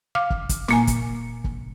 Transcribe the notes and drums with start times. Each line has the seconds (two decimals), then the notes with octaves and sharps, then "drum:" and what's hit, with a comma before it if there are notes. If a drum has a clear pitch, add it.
0.15 F5 D6 F6
0.30 drum: kick
0.49 drum: kick, hi-hat
0.68 A#2 A#3 G#5, drum: snare
0.87 drum: kick, hi-hat
1.44 drum: kick